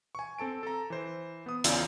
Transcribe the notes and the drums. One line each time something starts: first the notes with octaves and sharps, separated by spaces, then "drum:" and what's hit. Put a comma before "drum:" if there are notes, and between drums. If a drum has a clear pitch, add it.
G#5 C#6
C4 A4 A5 D7
A4 A#5
E3 C5
B3 D#6
E2 C#3 F4 D5 E6, drum: hi-hat